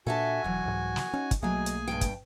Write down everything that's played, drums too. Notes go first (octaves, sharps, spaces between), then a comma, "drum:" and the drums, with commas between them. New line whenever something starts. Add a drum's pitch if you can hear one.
A#2 D4 F#4 A4 E5 G#5 A5
E1 E3 F#3
C2 G#2
drum: snare
C#4 D#4
drum: kick, hi-hat
B1 F#3 A3 A#3 G#4 D#5 G#5
drum: hi-hat
G2 B2 G5
drum: kick, hi-hat